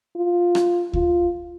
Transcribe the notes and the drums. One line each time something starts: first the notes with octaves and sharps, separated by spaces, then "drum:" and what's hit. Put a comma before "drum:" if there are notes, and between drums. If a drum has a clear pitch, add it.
F4
drum: rim click
F4, drum: kick D2